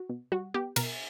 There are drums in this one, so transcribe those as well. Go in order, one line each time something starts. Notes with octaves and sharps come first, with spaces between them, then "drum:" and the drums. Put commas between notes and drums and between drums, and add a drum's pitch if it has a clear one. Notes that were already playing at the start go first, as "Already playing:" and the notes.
Already playing: F#4
B2
G3 F#4
B3 G4
B2 A#4, drum: cymbal